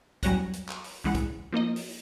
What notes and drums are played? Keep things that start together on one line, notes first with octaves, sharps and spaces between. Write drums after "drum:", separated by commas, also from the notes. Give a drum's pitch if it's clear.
E2 F#3 G3 C#4 F#6 A#6, drum: kick, hi-hat
drum: hi-hat
drum: clap
drum: open hi-hat
C#2 E3 G#3 F#5
drum: kick, hi-hat
F3 A#3 D#4 D#5
drum: open hi-hat